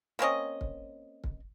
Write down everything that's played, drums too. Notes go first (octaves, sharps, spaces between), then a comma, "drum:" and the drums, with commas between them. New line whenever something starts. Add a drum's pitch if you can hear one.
A#3 C4 C#4 D#5
drum: kick
drum: kick